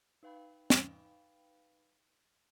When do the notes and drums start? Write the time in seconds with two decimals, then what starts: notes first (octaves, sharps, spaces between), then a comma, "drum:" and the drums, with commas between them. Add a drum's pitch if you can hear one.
0.23 D#4 B4 F5 G5 B5
0.70 drum: snare